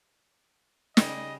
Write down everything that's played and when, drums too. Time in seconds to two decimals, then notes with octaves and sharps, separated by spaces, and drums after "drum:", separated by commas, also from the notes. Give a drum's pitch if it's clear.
0.97 C#3 G3 D#5, drum: snare